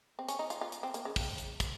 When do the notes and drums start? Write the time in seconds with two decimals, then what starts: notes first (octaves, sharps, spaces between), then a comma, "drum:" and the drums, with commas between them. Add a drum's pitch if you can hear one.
0.19 C4
0.29 C#4, drum: hi-hat
0.39 D#4
0.50 F4, drum: hi-hat
0.61 F4
0.72 drum: hi-hat
0.83 C4
0.94 A#3, drum: hi-hat
1.05 C#3
1.16 drum: kick, open hi-hat
1.38 drum: hi-hat
1.60 drum: kick, hi-hat